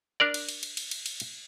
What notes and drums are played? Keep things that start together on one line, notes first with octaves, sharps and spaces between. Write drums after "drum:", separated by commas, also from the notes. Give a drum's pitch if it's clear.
D4 A#4 D5
drum: cymbal
drum: cymbal
drum: cymbal
drum: cymbal
drum: cymbal
drum: cymbal
drum: cymbal